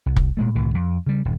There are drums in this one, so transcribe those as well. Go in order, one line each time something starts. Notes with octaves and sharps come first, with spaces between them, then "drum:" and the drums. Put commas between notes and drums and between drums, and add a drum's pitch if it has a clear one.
C2
drum: kick
A#2 G#3 A3
C2 A2 D3 D#3
F2
C#3 G3
D#1 G2